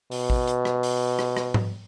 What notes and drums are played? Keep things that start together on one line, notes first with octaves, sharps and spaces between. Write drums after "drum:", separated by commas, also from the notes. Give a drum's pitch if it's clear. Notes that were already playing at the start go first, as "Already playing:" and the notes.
B2, drum: open hi-hat
drum: kick A1
drum: hi-hat
drum: rim click
drum: open hi-hat
drum: rim click
drum: rim click
drum: tom G#2